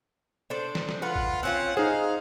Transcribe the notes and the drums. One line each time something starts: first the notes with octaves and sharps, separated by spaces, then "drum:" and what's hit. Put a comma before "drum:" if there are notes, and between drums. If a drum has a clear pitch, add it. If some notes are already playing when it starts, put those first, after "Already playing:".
D4 A4 C5
drum: snare
drum: snare
F4 B4 F#5
drum: kick A1
C4 C#4 F4 F#5
D#4 G#4 C5 F5